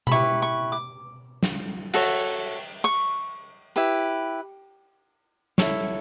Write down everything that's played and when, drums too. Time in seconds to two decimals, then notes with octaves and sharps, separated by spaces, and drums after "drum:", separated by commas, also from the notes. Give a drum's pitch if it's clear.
0.07 B5, drum: tom B2
0.11 E4 G4 B4 C#6
0.42 C#6
0.72 D6
1.43 drum: snare
1.93 F#4 A4 C#5, drum: cymbal
2.84 C#6
3.76 E4 G4 B4, drum: hi-hat
5.58 E4 A4 C#5, drum: snare